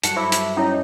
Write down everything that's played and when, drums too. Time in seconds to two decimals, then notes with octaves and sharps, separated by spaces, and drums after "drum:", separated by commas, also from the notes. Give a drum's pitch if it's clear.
0.03 G2 F#3 A4 F#5 A5, drum: hi-hat
0.16 E4 C5 E5 D6
0.32 drum: hi-hat
0.57 C#4 D#4 E4 C#5